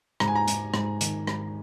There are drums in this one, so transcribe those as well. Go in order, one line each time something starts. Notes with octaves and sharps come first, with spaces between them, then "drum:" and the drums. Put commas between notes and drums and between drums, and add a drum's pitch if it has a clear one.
G#2 A#5, drum: rim click
G#5
A#5
G#2, drum: hi-hat
G#2, drum: rim click
D#3, drum: hi-hat
G#2, drum: rim click